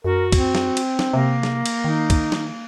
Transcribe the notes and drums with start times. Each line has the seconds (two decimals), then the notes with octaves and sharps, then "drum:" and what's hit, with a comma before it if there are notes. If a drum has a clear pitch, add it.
0.04 F#2 F#4 A#4
0.32 C4, drum: kick, cymbal
0.55 drum: snare
0.77 drum: cymbal
0.99 drum: snare
1.13 C3 A#3
1.43 drum: snare
1.66 drum: cymbal
1.84 D#3 D#4
2.10 drum: kick, cymbal
2.32 drum: snare